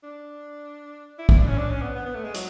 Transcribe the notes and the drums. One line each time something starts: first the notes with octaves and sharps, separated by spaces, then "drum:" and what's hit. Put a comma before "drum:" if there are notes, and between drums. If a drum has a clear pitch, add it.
D4
E4
E4, drum: kick
D4
C#4
D4
C#4
B3
B3
B3
A3
G#3
F#3, drum: hi-hat